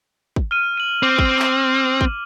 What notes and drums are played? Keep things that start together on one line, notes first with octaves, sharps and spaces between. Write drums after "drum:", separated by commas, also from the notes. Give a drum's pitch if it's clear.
drum: kick
F6 D#7
D#7 F#7
C4 D6
drum: kick
drum: clap
drum: kick